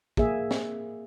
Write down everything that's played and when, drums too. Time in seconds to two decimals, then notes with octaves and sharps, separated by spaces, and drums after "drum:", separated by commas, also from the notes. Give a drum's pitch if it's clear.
0.17 A#3 G#4 E5, drum: kick
0.51 drum: snare